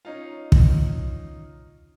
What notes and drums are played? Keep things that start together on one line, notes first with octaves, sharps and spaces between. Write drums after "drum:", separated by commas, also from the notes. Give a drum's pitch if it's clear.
C#4 D#4 F4
drum: kick